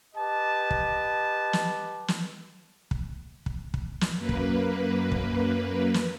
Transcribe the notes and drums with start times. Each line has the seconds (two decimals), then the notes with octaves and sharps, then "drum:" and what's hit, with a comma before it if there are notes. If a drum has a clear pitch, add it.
0.15 G4 B4 D#5 A5
0.71 drum: kick
1.53 drum: snare
2.08 drum: snare
2.91 drum: kick
3.46 drum: kick
3.74 drum: kick
4.01 drum: snare
4.17 F#2 A#3 B4
4.29 drum: kick
5.12 drum: kick
5.94 drum: snare